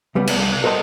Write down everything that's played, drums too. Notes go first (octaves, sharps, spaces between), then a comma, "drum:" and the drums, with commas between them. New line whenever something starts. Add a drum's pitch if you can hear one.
C#2 G3 B3 C#4
C2, drum: cymbal
A4 A#4 C5 D#5 A5